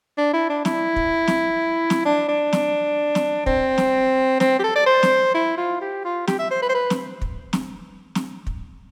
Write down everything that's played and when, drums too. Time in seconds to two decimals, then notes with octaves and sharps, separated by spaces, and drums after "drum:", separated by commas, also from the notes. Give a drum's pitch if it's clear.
0.18 D4
0.33 E4
0.50 D4
0.65 E4, drum: snare
0.96 drum: kick
1.28 drum: snare
1.90 drum: snare
2.06 D4
2.29 D4
2.53 drum: snare
3.15 drum: snare
3.46 C4, drum: kick
3.78 drum: snare
4.40 C4, drum: snare
4.59 G4
4.64 A4
4.76 D5
4.87 C5
5.03 drum: snare
5.35 E4
5.57 F4
5.81 G4
6.05 F4
6.27 G4, drum: snare
6.39 E5
6.51 C5
6.62 B4
6.69 C5
6.75 B4
6.90 drum: snare
7.22 drum: kick
7.53 drum: snare
8.15 drum: snare
8.47 drum: kick